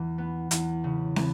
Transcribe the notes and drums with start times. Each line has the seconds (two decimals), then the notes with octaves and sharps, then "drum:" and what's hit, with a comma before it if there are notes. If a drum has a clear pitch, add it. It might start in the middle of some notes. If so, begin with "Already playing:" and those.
Already playing: E2 E3
0.18 B3
0.51 E2, drum: hi-hat
0.84 C#3
1.16 E3, drum: snare